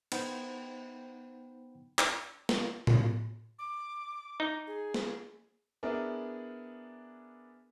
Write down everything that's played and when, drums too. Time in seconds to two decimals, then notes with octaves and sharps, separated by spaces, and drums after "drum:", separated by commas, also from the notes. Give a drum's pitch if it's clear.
0.12 B3 D#4 C5 F#5 G5 B5, drum: cymbal
1.99 drum: clap
2.49 drum: snare
2.87 drum: tom A2
3.59 D6
4.40 D#4
4.67 G#4
4.94 drum: snare
5.83 B3 D4 E4 G#4 A#4